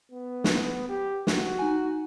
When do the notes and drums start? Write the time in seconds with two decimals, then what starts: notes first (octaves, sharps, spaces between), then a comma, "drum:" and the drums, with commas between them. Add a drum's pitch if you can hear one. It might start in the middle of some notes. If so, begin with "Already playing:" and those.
0.12 B3
0.44 drum: snare
0.89 G4
1.27 F#4, drum: snare
1.59 D#4 G#5